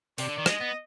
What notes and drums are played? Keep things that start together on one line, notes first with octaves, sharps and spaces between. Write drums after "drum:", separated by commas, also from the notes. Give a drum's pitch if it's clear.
C3 D5, drum: open hi-hat
D3
D#3
G#3 D#5, drum: rim click
B3